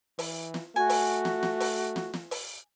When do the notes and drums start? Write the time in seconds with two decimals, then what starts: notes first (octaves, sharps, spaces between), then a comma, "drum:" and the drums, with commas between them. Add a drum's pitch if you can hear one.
0.19 E3, drum: open hi-hat
0.54 drum: snare
0.76 A3 F#4 G#5
0.89 drum: open hi-hat
1.25 drum: snare
1.43 drum: snare
1.60 drum: open hi-hat
1.96 drum: snare
2.14 drum: snare
2.31 drum: open hi-hat